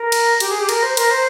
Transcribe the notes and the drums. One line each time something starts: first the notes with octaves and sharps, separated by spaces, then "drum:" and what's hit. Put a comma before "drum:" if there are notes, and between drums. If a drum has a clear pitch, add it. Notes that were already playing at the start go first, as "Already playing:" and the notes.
Already playing: A#4
drum: cymbal
G4, drum: cymbal
G#4
G4
A#4, drum: cymbal
C5
A#4, drum: cymbal
C5